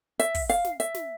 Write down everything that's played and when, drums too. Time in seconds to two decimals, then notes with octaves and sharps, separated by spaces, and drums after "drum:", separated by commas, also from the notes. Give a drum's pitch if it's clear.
0.19 E5, drum: hi-hat
0.35 drum: kick, open hi-hat
0.49 F5, drum: hi-hat
0.65 drum: snare
0.80 E5, drum: hi-hat
0.94 drum: snare